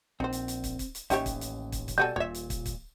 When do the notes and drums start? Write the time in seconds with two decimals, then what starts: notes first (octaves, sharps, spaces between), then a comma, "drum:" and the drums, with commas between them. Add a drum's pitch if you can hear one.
0.20 A#1 C4 D#4 C5
0.33 drum: hi-hat
0.48 drum: hi-hat
0.64 drum: kick, hi-hat
0.79 drum: kick, hi-hat
0.95 drum: hi-hat
1.10 A1 D#2 C#4 D#4 G4 C#5 E5, drum: hi-hat
1.26 drum: kick, hi-hat
1.41 drum: hi-hat
1.72 drum: kick, hi-hat
1.88 drum: kick, hi-hat
1.98 B2 G3 F#4 A4 G#5 G6
2.16 D#1 A#2 C#5 E5
2.34 drum: hi-hat
2.50 drum: kick, hi-hat
2.66 drum: kick, hi-hat